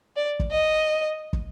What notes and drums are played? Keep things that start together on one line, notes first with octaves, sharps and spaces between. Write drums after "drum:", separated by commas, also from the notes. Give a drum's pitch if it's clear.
D5
drum: kick
D#5
drum: kick